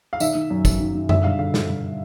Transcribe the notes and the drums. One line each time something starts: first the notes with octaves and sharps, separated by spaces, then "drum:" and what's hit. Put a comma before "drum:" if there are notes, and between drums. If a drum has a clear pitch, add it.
F5
D#3 E5, drum: tambourine
D#3
F#2
F#2, drum: kick, tambourine
D#3
D#3
D3 E5, drum: tom F#2
G2 F5
D3 F5
D3, drum: snare
G2